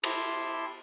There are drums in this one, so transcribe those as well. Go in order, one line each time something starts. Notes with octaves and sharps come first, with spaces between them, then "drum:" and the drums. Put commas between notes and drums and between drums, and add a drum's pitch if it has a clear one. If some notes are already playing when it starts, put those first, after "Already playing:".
E4 G4 A5 C6, drum: cymbal